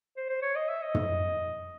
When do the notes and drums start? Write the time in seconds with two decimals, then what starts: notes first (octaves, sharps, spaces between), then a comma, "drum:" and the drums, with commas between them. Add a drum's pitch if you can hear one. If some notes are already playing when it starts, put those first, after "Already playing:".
0.17 C5
0.30 C5
0.42 C#5
0.56 D#5
0.69 E5
0.82 D#5
0.95 drum: tom